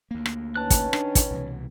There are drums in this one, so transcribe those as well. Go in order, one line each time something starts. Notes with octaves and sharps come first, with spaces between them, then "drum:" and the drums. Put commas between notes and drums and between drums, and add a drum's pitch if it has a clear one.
D2 A#3
drum: rim click
D#3 C#4 B4 A5 F#6
drum: kick, hi-hat
D4, drum: rim click
drum: kick, hi-hat
C2 B2 E3